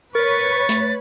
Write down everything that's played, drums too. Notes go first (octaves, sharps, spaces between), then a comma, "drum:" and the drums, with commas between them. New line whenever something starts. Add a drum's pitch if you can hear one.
A#4 B4 C#5 C#6 A6
A3, drum: hi-hat